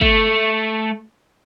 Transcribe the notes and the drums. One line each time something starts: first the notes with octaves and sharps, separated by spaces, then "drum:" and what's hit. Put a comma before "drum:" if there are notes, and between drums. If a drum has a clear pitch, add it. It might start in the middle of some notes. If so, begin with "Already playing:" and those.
A3, drum: kick